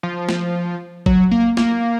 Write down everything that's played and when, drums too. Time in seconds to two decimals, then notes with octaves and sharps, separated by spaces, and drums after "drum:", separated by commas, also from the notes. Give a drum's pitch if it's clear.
0.03 F3
0.29 drum: snare
1.06 F#3, drum: kick G#1
1.31 A#3
1.57 A#3, drum: snare